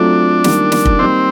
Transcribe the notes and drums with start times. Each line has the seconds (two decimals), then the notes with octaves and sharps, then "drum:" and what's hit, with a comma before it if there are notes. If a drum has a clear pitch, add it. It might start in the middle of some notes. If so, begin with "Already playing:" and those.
Already playing: F#3 A3 C4 D4 F4
0.44 D#3 G3 A#3, drum: snare
0.72 drum: snare
0.85 drum: kick
0.99 G3 A#3 C4 D#4